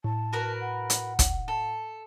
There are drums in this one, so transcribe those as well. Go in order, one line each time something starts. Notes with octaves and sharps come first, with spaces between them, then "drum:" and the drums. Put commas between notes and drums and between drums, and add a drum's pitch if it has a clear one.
A2 A5
F#4 A#4 B4
F#5
drum: hi-hat
drum: kick, hi-hat
A4